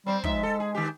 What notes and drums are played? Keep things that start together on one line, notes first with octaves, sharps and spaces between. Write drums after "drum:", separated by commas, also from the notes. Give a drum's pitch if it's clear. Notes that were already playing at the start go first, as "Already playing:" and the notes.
G3 C4 C5
F3 G#3 D#4 E5, drum: kick
A4
G#4
D#3 G4